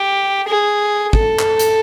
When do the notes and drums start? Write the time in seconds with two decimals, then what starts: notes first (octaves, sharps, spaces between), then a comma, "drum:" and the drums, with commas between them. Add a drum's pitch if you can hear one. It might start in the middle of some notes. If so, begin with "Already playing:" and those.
Already playing: G4
0.48 G#4
1.13 A4, drum: kick
1.39 drum: clap
1.59 drum: hi-hat